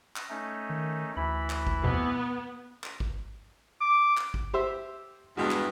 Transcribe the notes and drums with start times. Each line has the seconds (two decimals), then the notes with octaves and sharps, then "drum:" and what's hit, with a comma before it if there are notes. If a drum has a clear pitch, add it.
0.16 drum: clap
0.30 A3 C#4 D#4
0.69 D#3
1.17 D2 E3 E4 B5
1.50 drum: clap
1.67 drum: kick G#1
1.84 F2 B2 B3
2.84 drum: clap
3.00 drum: kick G#1
3.81 D6
4.17 drum: clap
4.34 drum: kick G#1
4.54 G4 C5 E5
5.37 E2 G2 G#3 F#4
5.51 drum: clap